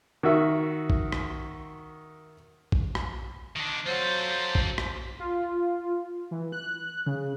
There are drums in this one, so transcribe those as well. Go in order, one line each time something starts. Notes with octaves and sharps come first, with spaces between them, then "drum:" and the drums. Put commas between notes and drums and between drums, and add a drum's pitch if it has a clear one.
D#3 F#4 E5
drum: kick A#1
drum: rim click
drum: kick A#1
drum: rim click
D#3 D4
F#3 F4 A4 C5
drum: kick A#1
drum: rim click
F4
E3
F#6
C#3